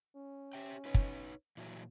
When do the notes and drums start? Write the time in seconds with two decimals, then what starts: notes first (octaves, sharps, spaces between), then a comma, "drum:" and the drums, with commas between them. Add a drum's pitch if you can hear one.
0.16 C#4
0.53 G4 E5 G5
0.85 D#4 B4 C#5
0.94 drum: kick
1.57 A#2 E3 F#3